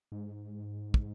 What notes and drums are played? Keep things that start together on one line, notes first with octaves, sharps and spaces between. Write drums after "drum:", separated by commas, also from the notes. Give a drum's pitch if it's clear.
G#2
drum: kick